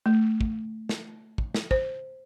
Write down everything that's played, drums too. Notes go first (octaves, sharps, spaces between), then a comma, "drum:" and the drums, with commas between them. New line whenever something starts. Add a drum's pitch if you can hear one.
A3
drum: kick
drum: snare
drum: kick
drum: snare
C5, drum: kick